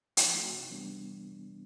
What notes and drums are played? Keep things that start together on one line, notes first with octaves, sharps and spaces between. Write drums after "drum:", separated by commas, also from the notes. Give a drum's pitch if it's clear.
F3, drum: hi-hat
A3 C4 D#4 F#4
C3
E3 G3 B3 D4